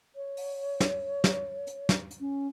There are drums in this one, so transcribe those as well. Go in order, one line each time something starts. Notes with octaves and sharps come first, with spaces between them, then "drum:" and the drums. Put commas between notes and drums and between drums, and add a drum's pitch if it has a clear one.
C#5
drum: open hi-hat
drum: snare
drum: snare
drum: hi-hat
drum: snare
drum: hi-hat
C#4